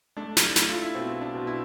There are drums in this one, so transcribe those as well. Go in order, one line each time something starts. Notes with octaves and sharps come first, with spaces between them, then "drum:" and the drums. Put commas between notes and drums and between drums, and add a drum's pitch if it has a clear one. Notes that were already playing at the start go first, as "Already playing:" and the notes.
A3 D4
drum: snare
A3 E4, drum: snare
F4
E4
B2 C4
D4
B2
E4